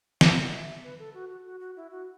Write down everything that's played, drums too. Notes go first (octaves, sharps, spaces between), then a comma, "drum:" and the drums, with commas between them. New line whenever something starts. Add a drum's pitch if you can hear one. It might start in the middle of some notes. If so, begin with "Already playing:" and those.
F#5, drum: snare
D5
E5
B4
A4
F#4
F#4
F#4
F#4
E4
F#4